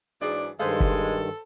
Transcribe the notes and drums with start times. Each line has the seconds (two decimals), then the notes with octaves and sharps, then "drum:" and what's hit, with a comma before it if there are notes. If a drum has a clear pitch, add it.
0.21 G#2 E3 F#3 D4 G#4 D5
0.59 G2 D#3 G#3 A4 B4 C5 F5
0.80 drum: kick